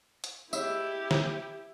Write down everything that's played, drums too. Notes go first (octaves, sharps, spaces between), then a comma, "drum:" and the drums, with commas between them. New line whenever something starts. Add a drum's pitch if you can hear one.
drum: hi-hat
E4 G4 E5, drum: tambourine
drum: snare